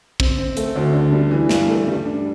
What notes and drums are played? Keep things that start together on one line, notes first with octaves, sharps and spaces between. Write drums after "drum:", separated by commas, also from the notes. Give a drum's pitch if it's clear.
C4, drum: kick
C4
A3, drum: hi-hat
D2
D3
G3
E3
G2, drum: snare
A3
G3
D4